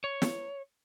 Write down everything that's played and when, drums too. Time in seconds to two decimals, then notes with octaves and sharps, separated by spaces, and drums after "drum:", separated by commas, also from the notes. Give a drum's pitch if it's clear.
0.04 C#5
0.22 drum: snare